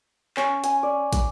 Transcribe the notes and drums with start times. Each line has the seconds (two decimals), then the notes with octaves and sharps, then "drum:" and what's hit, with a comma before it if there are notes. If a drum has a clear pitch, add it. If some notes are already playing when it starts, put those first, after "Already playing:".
0.37 C#4, drum: clap
0.64 G#5, drum: hi-hat
0.83 D5
1.13 drum: kick, hi-hat